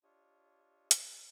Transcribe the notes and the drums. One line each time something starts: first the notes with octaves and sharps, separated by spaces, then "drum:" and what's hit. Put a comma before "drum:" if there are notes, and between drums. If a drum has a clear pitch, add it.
D4 F4 G4 C#5 D#5
A#5 F#6, drum: hi-hat